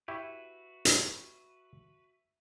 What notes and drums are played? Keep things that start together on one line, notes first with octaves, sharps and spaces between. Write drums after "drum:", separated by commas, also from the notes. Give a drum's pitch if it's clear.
E4 F#4 G4 B4 E5 C#6
drum: hi-hat